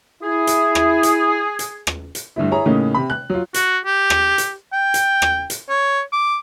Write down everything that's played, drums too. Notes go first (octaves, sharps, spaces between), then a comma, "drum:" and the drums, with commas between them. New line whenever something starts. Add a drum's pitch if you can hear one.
E4 G#4
drum: hi-hat
drum: rim click
drum: hi-hat
drum: hi-hat
drum: rim click
drum: hi-hat
G2 D3 A3 E4
E4 G#4 C#5 A#5
A2 C#3 A#3 C#4 D#4
C3 B5
F#6
F#3 F4
F#4, drum: hi-hat
G4
drum: rim click
drum: hi-hat
G5
drum: hi-hat
drum: rim click
drum: hi-hat
C#5
D6